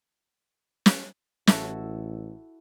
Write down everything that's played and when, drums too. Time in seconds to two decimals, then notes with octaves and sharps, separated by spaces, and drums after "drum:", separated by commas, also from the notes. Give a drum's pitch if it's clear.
0.86 drum: snare
1.47 A1 E4 F#4 A4, drum: snare